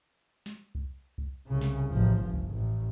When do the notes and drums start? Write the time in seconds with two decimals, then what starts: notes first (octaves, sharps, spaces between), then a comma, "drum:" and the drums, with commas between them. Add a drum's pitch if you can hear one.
0.46 drum: snare
0.75 drum: kick C2
1.18 drum: kick C2
1.47 C2 C#3
1.61 drum: snare
1.90 A1 F3, drum: kick C2
2.20 G1
2.33 drum: kick C2
2.52 A1